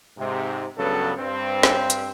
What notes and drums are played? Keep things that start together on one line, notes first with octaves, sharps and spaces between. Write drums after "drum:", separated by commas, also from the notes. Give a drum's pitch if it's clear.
G#2 C3
C#2 G2 C#3 F#3 B3 A4
G2 C4
drum: snare
drum: hi-hat